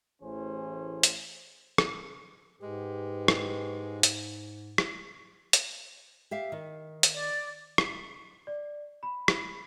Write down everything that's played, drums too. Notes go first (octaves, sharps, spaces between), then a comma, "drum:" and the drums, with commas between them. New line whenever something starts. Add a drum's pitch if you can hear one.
A1 E3 A3 C#4 G#4 C5
drum: hi-hat
drum: rim click
G#2 G#3 G4 B4
drum: rim click
drum: hi-hat
drum: rim click
drum: hi-hat
G4 E5 F5
D#3
drum: hi-hat
D5
B6, drum: rim click
D5
B5
drum: rim click